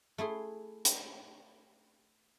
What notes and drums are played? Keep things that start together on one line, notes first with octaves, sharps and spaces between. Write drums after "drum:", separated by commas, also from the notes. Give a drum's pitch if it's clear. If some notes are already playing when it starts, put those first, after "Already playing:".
A3 E4 G#4 C6
drum: hi-hat